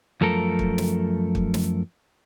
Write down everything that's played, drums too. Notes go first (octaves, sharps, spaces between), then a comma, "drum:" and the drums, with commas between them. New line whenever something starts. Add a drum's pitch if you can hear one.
F#2 F3 A3 A4 A#4
drum: kick
drum: snare
drum: kick
drum: snare